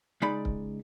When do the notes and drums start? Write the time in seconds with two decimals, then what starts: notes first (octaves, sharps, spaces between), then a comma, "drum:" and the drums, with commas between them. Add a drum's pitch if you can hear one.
0.22 C#2 G#3 D#4 D5 B5
0.45 drum: kick C#1